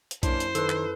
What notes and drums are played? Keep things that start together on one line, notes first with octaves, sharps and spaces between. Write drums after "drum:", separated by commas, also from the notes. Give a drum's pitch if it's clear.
drum: hi-hat
F#2 A#3 C#4 D4 E4 C5, drum: kick, hi-hat
drum: hi-hat
D#3 A4 B4, drum: hi-hat
drum: clap